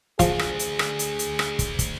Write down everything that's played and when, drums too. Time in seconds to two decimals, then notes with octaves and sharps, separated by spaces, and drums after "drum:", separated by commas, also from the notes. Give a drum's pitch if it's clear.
0.19 D2 F3 G#4, drum: kick, hi-hat
0.39 drum: rim click
0.59 drum: hi-hat
0.79 drum: rim click
0.99 drum: hi-hat
1.19 drum: hi-hat
1.39 drum: rim click
1.59 drum: kick, hi-hat
1.79 drum: kick, hi-hat